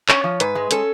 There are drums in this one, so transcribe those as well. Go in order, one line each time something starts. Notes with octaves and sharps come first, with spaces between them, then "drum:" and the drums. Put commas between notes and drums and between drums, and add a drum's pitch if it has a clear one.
C#4 C#5, drum: clap
F3
G#2 B4, drum: hi-hat
G#3
C#4 A4, drum: hi-hat